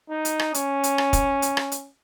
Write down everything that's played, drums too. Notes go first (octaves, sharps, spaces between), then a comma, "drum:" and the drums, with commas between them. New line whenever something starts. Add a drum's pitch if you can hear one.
D#4
drum: hi-hat
drum: rim click
C#4, drum: hi-hat
drum: hi-hat
drum: rim click
drum: kick, hi-hat
drum: hi-hat
drum: rim click
drum: hi-hat